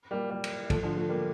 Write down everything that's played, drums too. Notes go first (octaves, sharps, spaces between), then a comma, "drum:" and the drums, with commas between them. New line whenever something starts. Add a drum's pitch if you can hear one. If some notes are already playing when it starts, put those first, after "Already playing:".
G3 A#3
G3 A#3
drum: cymbal
F3 A3, drum: kick, cymbal
D3 F3
F3 A3
G3 A#3